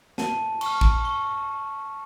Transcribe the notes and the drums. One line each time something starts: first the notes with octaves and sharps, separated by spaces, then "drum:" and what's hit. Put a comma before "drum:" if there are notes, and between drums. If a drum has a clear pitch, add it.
A5, drum: snare
C#6 F6, drum: cymbal
drum: kick
C#6